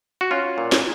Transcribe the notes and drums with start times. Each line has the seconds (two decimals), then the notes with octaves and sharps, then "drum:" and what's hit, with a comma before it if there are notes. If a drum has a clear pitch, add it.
0.21 F#4
0.31 C#4 F4
0.58 A#2
0.72 drum: snare